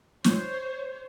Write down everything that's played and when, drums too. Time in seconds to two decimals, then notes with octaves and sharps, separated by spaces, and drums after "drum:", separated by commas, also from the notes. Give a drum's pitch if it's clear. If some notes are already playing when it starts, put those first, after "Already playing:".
0.24 C5 C#5, drum: snare